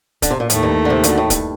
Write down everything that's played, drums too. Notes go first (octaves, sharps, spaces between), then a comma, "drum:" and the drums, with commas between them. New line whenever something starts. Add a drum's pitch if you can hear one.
D3, drum: kick, hi-hat
C3
A#2
D#2 A2 D#3 A3, drum: hi-hat
G2
D3
C3
D2 D3, drum: hi-hat
A2
G2, drum: kick, hi-hat